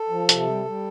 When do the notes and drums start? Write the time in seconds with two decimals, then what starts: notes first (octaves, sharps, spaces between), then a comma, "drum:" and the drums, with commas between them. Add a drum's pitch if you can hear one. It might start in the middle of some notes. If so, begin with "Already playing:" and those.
Already playing: A4
0.09 F3
0.29 C3, drum: hi-hat
0.47 G3
0.65 G3